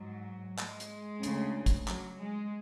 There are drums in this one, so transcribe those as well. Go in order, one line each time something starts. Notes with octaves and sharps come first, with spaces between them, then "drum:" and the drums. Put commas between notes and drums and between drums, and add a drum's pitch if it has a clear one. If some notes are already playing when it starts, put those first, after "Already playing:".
Already playing: G#2 F#3
G#3, drum: clap
drum: hi-hat
D2 C#3, drum: hi-hat
drum: kick, hi-hat
F#3, drum: clap
G#3